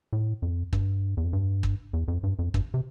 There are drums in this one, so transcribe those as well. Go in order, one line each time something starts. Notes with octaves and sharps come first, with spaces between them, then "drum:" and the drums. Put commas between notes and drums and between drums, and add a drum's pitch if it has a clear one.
A2
F2
G2, drum: kick
E2
F2
G2
drum: kick
E2
F2
G2
F2
G2, drum: kick
C3